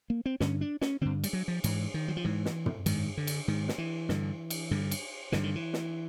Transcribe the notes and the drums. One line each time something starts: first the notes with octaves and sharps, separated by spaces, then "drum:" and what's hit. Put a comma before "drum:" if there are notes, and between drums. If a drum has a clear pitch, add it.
A#3
C4
G2 D3 C#4, drum: snare
D4
C#4, drum: snare
G2 D3 C4
G3, drum: cymbal
F#3
F3
G#2 E3, drum: cymbal
D#3
F#3
F3
G#2 E3
drum: snare
drum: tom
G#2 D#3, drum: cymbal
D3
drum: cymbal
G#2 D#3
drum: snare
E3
G2 D3, drum: snare
drum: cymbal
G2 D3
drum: cymbal
G2 D3 E3, drum: snare
D#3
E3
drum: snare